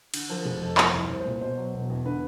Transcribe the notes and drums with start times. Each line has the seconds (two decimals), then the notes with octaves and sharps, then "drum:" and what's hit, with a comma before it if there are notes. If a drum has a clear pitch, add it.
0.14 D3, drum: cymbal
0.30 F3 A#4
0.45 F1 G#4
0.62 F2 A4
0.78 F3, drum: clap
0.94 C2
1.09 C2 C5
1.20 C5
1.25 A#2
1.31 C5
1.41 B2 C5
1.57 F#3
1.73 E1
1.89 E2
2.05 D3 B4